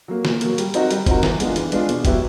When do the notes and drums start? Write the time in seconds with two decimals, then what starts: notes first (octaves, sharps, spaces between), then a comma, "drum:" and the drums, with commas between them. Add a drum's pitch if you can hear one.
0.08 F#3 A#3
0.25 A#2, drum: snare
0.41 F#3 A#3, drum: hi-hat
0.58 G3, drum: hi-hat
0.74 C4 D#4 F#4 A#4, drum: hi-hat
0.91 G3, drum: hi-hat
1.06 C4 D#4 F#4 A#4, drum: kick, hi-hat
1.23 E3, drum: snare
1.40 G#3 B3 D4 F4, drum: hi-hat
1.56 E3, drum: hi-hat
1.72 G#3 B3 D4 F4, drum: hi-hat
1.89 B2, drum: hi-hat
2.05 F#3 B3 E4 G4, drum: kick, hi-hat